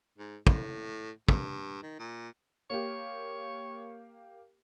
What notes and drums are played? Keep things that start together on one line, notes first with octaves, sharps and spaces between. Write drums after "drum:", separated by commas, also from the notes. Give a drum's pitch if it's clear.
G#2
A2, drum: kick
G2, drum: kick
D#3
A#2
A#3 G4 C#5